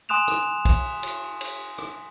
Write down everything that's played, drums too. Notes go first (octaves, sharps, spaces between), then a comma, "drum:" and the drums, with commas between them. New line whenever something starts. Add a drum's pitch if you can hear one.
G#5 C6 D#6 F#6 E7 F7
drum: rim click
drum: kick, cymbal
drum: cymbal
drum: cymbal
drum: rim click